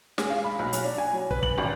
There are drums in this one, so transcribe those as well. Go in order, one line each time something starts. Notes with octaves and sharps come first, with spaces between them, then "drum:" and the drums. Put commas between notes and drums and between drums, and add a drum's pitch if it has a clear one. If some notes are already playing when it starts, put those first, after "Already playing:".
G#3, drum: snare
F5
B5
B1
F#3, drum: hi-hat
D4
G#5
F#3
B4, drum: kick
F#7, drum: kick
G#1